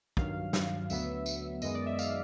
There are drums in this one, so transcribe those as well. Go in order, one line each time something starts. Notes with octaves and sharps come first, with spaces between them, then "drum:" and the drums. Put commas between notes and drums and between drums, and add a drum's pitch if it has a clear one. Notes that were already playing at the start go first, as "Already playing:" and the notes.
G2 D#3 F#3 F5, drum: kick
drum: snare
D2 D3 F#3 B3 E5, drum: tambourine
drum: tambourine
F#2 D#3 G#3 B3 D#5, drum: tambourine
D5
E5
F5, drum: tambourine